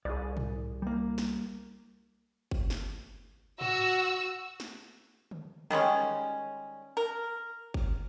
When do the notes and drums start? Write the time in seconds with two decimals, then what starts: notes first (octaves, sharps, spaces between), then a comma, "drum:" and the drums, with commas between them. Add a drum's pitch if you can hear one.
0.05 C2 G#4 D5
0.37 drum: tom
0.82 G3 A#3
1.18 drum: snare
2.51 drum: kick G1
2.70 drum: snare
3.61 F#4 E6, drum: tom
4.60 drum: snare
5.31 drum: tom
5.70 D#3 G3 G#3 C#4, drum: tom
6.97 A#4
7.74 drum: kick G1